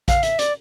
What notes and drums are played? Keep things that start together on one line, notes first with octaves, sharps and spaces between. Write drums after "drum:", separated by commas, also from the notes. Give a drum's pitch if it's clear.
F5, drum: kick A#1, hi-hat
E5, drum: hi-hat
D5, drum: hi-hat